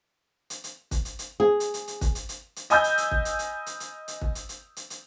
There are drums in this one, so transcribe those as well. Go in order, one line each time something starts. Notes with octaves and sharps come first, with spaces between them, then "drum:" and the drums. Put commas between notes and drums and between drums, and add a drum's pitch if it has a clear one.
drum: hi-hat
drum: hi-hat
drum: kick, hi-hat
drum: hi-hat
drum: hi-hat
G#4
drum: hi-hat
drum: hi-hat
drum: hi-hat
drum: kick, hi-hat
drum: hi-hat
drum: hi-hat
drum: hi-hat
D#5 G#5 B5 D#6 E6 G6, drum: hi-hat
drum: hi-hat
drum: hi-hat
drum: kick
drum: hi-hat
drum: hi-hat
drum: hi-hat
drum: hi-hat
drum: hi-hat
drum: kick
drum: hi-hat
drum: hi-hat
drum: hi-hat
drum: hi-hat